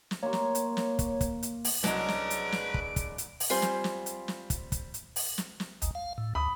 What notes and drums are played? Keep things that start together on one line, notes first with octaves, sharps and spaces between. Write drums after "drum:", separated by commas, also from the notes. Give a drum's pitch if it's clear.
drum: snare
A#3 C#5 C6
drum: snare
drum: hi-hat
drum: snare
drum: kick, hi-hat
drum: kick, hi-hat
drum: hi-hat
drum: open hi-hat
C2 F#3 G#3 C#4 D4 B4 A#5 D7, drum: snare
drum: snare
drum: hi-hat
drum: snare
drum: kick
drum: kick, hi-hat
drum: hi-hat
drum: open hi-hat
G3 C4 F4 C5 G#5
drum: snare
drum: snare
drum: hi-hat
drum: snare
drum: kick, hi-hat
drum: kick, hi-hat
drum: hi-hat
drum: open hi-hat
drum: snare
drum: snare
G#1 D#2, drum: hi-hat
F5
A2
D2 B5 D#6